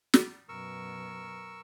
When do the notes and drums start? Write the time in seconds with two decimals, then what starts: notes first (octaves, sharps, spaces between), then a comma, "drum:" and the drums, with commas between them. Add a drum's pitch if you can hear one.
0.14 drum: snare
0.49 F#2 B2 A#4 C#6 E6